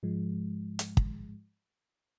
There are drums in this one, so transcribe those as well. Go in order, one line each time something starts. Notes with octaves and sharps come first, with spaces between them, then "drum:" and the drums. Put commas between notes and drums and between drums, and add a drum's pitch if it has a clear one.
G#2 F3 G#3
drum: hi-hat
drum: kick